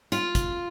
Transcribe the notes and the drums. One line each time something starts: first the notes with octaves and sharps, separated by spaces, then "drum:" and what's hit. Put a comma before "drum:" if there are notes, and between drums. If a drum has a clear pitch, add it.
F4, drum: hi-hat
drum: kick, hi-hat